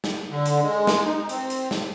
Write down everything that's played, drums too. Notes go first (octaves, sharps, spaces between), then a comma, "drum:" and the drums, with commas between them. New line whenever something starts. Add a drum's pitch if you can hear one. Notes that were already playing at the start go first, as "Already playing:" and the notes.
drum: snare
D3
drum: hi-hat
G#3
drum: snare
D#4
C4, drum: hi-hat
drum: hi-hat
drum: snare